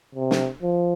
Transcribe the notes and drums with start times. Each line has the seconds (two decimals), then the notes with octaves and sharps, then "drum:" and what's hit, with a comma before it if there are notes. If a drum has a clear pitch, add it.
0.15 C3
0.31 drum: snare
0.63 F3